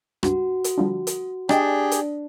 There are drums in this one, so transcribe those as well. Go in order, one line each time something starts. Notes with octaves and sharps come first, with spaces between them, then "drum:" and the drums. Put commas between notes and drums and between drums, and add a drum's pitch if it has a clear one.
C#2 G2 F#4, drum: rim click
drum: hi-hat
D3 F3 G3
drum: hi-hat
D4 G4 G#4 D#5 G5, drum: rim click
drum: hi-hat